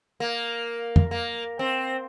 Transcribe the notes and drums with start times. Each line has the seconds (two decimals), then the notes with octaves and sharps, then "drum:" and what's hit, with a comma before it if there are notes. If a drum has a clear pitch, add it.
0.20 A#3
0.96 drum: tom
1.11 A#3
1.59 C4